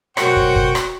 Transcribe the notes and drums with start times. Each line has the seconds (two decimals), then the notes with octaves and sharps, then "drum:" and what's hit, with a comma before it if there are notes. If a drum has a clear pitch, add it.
0.17 B1 F#4 A#4 C5 C#5 F#5 G5, drum: rim click
0.36 drum: kick
0.56 drum: kick
0.75 drum: rim click